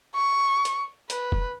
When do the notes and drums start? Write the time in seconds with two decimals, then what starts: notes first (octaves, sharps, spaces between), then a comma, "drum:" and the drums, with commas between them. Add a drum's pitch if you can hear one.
0.15 C#6
0.65 drum: hi-hat
1.10 B4, drum: hi-hat
1.32 drum: kick F1